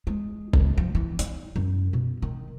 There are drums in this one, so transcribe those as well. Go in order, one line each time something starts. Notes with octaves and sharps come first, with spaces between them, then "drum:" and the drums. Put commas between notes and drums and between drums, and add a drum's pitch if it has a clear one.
G#3
C#2, drum: kick
F3
E3
D#4, drum: hi-hat
F#2
B2
D#3